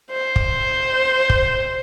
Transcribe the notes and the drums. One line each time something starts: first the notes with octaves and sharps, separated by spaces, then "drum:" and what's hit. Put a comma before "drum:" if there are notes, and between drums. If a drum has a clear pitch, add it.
C5
drum: kick
drum: kick